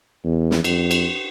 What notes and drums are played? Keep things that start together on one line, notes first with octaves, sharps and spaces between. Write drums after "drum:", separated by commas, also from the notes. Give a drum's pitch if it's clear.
E2
drum: snare
F2, drum: cymbal
drum: cymbal